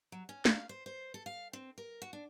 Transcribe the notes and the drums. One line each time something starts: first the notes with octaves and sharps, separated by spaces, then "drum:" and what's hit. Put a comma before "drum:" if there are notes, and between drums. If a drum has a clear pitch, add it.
F#3
C#4
F5, drum: snare
C5
C5
A4
F5
C4
A#4
F#4
D4